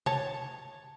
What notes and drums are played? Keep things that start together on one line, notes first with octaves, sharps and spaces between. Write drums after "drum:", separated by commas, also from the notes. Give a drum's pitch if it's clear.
C#5 A5, drum: tom C3